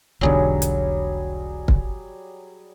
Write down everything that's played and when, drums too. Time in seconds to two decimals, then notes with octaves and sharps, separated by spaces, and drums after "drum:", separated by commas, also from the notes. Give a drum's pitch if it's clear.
0.21 E1 B1 D3 F#3 G3 G#4
0.62 drum: hi-hat
1.68 drum: kick